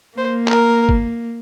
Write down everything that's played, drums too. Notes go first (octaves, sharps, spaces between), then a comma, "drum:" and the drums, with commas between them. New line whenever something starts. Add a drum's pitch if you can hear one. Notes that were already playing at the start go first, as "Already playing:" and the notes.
A#3 C5
A#4, drum: clap
drum: kick